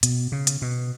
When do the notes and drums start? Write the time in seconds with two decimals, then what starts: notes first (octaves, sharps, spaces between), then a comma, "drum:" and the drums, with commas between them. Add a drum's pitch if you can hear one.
0.03 B2, drum: hi-hat
0.32 C#3
0.47 drum: hi-hat
0.62 B2